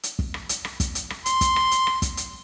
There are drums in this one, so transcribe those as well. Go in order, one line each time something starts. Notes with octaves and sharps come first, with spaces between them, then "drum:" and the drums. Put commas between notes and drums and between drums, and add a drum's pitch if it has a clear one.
drum: hi-hat
drum: kick
drum: rim click
drum: hi-hat
drum: rim click
drum: kick, hi-hat
drum: hi-hat
drum: rim click
C6, drum: hi-hat
drum: kick, hi-hat
drum: rim click
drum: hi-hat
drum: rim click
drum: kick, hi-hat
drum: hi-hat